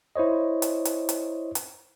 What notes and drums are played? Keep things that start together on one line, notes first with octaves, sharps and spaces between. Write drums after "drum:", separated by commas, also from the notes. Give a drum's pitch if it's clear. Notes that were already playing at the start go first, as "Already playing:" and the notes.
E4 C5 C#5 D#5
drum: hi-hat
drum: hi-hat
drum: hi-hat
drum: hi-hat